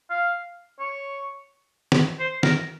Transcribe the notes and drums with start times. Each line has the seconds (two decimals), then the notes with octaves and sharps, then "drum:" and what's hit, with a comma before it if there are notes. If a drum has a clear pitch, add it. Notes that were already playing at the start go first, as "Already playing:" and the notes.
0.10 F5
0.79 C#5
1.92 drum: snare
2.20 C5
2.43 A#4, drum: snare